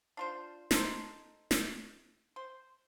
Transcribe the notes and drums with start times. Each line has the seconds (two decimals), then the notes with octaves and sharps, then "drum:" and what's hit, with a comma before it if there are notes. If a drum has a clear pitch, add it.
0.17 D4 F4 C5
0.71 D#4 A4 C5, drum: snare
1.51 drum: snare
2.36 C5